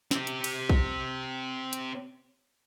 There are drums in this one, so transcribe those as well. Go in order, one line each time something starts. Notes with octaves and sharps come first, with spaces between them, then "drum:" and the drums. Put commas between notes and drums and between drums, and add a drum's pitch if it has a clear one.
C4 G4, drum: snare
drum: hi-hat
drum: cymbal
drum: kick B1
drum: hi-hat